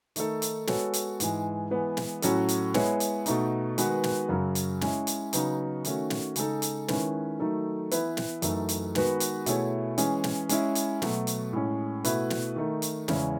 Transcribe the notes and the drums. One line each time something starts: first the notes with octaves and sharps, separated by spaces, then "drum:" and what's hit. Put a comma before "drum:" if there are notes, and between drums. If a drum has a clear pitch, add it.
D#3 A3 D#4 A4, drum: hi-hat
drum: hi-hat
G#3 B3 F#4 A4 C#5, drum: snare
drum: hi-hat
G#2 E3 G#3, drum: hi-hat
E3 G#3 B3
drum: snare
A2 F#3 C#4 F#4 A4, drum: hi-hat
drum: hi-hat
G#3 B3 E4 G#4 C#5, drum: snare
drum: hi-hat
B2 A3 D#4, drum: hi-hat
D#3 G#3 B3 F#4 B4, drum: hi-hat
drum: snare
F#2 C#3 F#3
drum: hi-hat
G#3 C#4 E4, drum: snare
drum: hi-hat
C#3 F#3 B3 D#4, drum: hi-hat
D#3 A3 C#4 F#4, drum: hi-hat
drum: snare
C#3 G#3 D#4 A4, drum: hi-hat
drum: hi-hat
D#3 G#3 C#4 E4 B4, drum: snare
D#3 F#3 A3 D#4 A4
E3 B3 E4 B4, drum: hi-hat
drum: snare
F#2 E3 A3 D#4 A4, drum: hi-hat
drum: hi-hat
D#3 G#3 B3 F#4 B4, drum: snare
drum: hi-hat
B2 A3 E4 G#4 C#5, drum: hi-hat
E3 G#3 C#4 G#4, drum: hi-hat
drum: snare
G#3 C#4 E4, drum: hi-hat
drum: hi-hat
B2 F#3 A3, drum: snare
drum: hi-hat
A2 G#3 C#4
B2 A3 E4 B4, drum: hi-hat
drum: snare
D#3 A3 D#4
drum: hi-hat
E2 C#3 G#3 C#4 E4, drum: snare